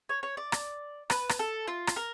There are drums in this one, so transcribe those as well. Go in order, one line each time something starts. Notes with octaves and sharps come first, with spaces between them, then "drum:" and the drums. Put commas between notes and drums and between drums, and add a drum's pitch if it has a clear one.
C#5
C#5
D5
drum: rim click
B4, drum: rim click
drum: rim click
A4
F4
drum: rim click
A#4